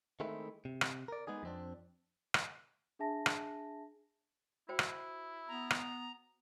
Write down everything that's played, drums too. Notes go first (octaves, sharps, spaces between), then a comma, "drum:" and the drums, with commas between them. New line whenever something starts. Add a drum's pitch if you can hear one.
D#3 G#3 A3 C4 E4
C3
drum: rim click
A#4 D5
G#3 B3 D#4 G#4
F2 C4 D4
drum: rim click
D4 G#4 E5 G#5 A5 A#6
drum: rim click
E4 F#4 C5 G5
drum: rim click
B3 A#5
drum: rim click